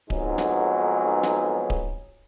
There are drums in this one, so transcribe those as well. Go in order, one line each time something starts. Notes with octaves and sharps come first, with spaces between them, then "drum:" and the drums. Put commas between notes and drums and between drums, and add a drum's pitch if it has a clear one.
B1 F2 G#2 F#3 G#3 B3, drum: kick D1
drum: snare
drum: snare
drum: kick D1